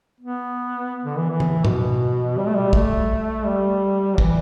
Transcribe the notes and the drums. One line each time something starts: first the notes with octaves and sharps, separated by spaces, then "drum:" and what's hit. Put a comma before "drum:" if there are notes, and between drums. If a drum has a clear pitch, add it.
B3
D3
E3
E3
drum: tom
B2, drum: tom
G3
A3
G3
A3, drum: kick
G3
E3, drum: kick